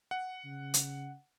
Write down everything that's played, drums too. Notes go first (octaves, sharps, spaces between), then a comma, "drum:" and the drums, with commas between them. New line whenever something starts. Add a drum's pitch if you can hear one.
F#5
C#3
drum: hi-hat